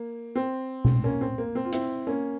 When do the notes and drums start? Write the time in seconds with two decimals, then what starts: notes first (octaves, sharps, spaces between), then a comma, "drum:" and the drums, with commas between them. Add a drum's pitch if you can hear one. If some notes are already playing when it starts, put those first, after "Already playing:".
Already playing: A#3
0.35 C4
0.85 drum: tom B2
1.04 A#3 C#4
1.21 C4
1.38 A#3
1.55 C4
1.65 F4
1.72 C4 E4, drum: hi-hat
2.07 A#3 C#4